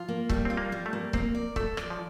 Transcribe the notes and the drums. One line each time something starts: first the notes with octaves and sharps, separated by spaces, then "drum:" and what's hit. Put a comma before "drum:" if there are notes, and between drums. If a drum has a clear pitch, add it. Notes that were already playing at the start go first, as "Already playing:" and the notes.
Already playing: F3 F4
A#3
G3 A3, drum: kick C#1
C4 F4
A#3
G3
A3
A#3
A#3 C4, drum: kick C#1
D5
A3 A4, drum: kick C#1
D5, drum: rim click
F3